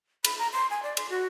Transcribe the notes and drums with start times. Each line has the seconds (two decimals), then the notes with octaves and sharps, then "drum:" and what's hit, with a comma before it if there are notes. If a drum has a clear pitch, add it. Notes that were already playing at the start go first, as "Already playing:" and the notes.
0.24 B5, drum: cymbal
0.39 A#5
0.53 C6
0.70 G#5
0.83 D5
0.97 C6, drum: cymbal
1.10 F#4